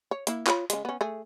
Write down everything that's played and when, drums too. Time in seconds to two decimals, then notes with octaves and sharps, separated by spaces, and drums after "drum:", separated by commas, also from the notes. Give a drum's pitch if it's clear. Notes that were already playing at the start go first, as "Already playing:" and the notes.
0.11 C#5
0.27 A#3 E4, drum: hi-hat
0.47 F4 C#5 B5, drum: clap
0.70 C#3 G#3, drum: hi-hat
0.85 B3 C#4
1.01 A3 G#4